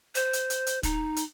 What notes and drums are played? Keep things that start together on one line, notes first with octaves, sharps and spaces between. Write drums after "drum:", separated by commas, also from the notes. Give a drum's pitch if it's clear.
C5, drum: hi-hat
drum: hi-hat
drum: hi-hat
drum: hi-hat
D#4, drum: kick, hi-hat
drum: hi-hat